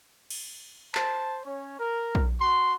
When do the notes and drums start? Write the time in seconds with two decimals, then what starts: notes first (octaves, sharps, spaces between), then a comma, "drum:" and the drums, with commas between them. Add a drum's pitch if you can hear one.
0.30 drum: cymbal
0.95 C5 A5, drum: clap
1.45 C#4 C#5
1.80 A#4
2.15 drum: kick
2.40 F#4 C6